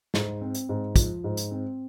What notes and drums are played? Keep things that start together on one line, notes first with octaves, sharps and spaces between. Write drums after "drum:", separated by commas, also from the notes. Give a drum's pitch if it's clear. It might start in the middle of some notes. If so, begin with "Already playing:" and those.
G#2, drum: snare
C4
drum: hi-hat
G#2
F3, drum: kick, hi-hat
G#2
drum: hi-hat
C4